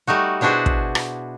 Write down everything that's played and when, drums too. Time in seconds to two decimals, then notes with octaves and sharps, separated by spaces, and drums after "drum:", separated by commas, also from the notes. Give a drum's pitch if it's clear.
0.07 G3 A3 D#4 F#4
0.41 B2 D4 E4 F#4 G#4 C5
0.66 drum: kick
0.95 drum: rim click